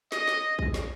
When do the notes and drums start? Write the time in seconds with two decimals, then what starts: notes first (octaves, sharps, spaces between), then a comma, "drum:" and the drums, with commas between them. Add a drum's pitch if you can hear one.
0.12 D#5, drum: snare
0.28 drum: snare
0.59 drum: kick A#1
0.74 drum: snare